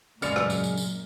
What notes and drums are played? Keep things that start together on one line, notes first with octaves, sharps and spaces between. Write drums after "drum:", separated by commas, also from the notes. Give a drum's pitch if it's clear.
F#2 A#2 C#3 G#3 D5 F6 C#7 F7, drum: tambourine
drum: rim click
drum: tambourine
drum: tambourine
drum: tambourine